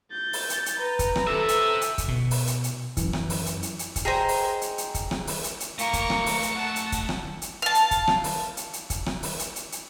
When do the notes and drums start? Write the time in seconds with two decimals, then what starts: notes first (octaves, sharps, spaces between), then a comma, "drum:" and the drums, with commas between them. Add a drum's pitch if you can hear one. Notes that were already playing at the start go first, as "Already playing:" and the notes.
0.12 G6 A6
0.33 drum: open hi-hat
0.50 drum: hi-hat
0.66 drum: hi-hat
0.77 B4 A#5
0.99 drum: kick, hi-hat
1.16 drum: rim click
1.27 A4 C5 E5
1.48 drum: hi-hat
1.81 drum: hi-hat
1.98 drum: kick, hi-hat
2.08 B2
2.31 drum: open hi-hat
2.47 drum: hi-hat
2.64 drum: hi-hat
2.97 F#2 E3, drum: kick, hi-hat
3.13 drum: rim click
3.30 drum: open hi-hat
3.46 drum: hi-hat
3.63 drum: hi-hat
3.79 drum: hi-hat
3.96 drum: kick, hi-hat
4.05 G#4 C5 D#5 G5 G#5 A#5
4.29 drum: open hi-hat
4.62 drum: hi-hat
4.78 drum: hi-hat
4.94 drum: kick, hi-hat
5.11 drum: rim click
5.27 drum: open hi-hat
5.44 drum: hi-hat
5.60 drum: hi-hat
5.79 A3 A#3 A#4 D#5 C#6, drum: hi-hat
5.93 drum: kick, hi-hat
6.10 drum: rim click
6.26 drum: open hi-hat
6.43 drum: hi-hat
6.56 F#5 A5
6.76 drum: hi-hat
6.92 drum: kick, hi-hat
7.09 drum: rim click
7.42 drum: hi-hat
7.62 F5 A5
7.75 drum: hi-hat
7.91 drum: kick, hi-hat
8.07 drum: rim click
8.24 drum: open hi-hat
8.57 drum: hi-hat
8.73 drum: hi-hat
8.90 drum: kick, hi-hat
9.06 drum: rim click
9.23 drum: open hi-hat
9.39 drum: hi-hat
9.56 drum: hi-hat
9.72 drum: hi-hat